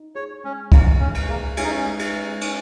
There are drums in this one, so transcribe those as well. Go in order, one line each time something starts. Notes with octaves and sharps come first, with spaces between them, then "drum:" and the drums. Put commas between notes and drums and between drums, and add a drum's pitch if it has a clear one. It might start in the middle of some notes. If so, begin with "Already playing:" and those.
Already playing: D#4
G#4 C#5
G#3 C#4
A#3 D#4, drum: kick C2, cymbal
G#3 C#4
drum: cymbal
A#3 G#4
G#3 C#4, drum: cymbal
D#4
C#4
G#3
drum: cymbal
G#3
C#4 D#4, drum: cymbal